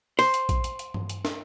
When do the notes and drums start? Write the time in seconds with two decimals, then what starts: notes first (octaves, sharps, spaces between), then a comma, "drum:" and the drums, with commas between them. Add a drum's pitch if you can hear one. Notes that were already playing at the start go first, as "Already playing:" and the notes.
0.19 C5, drum: open hi-hat
0.34 drum: hi-hat
0.49 drum: kick A#1, hi-hat
0.64 drum: hi-hat
0.79 drum: hi-hat
0.94 drum: tom G2
1.10 drum: hi-hat
1.25 drum: snare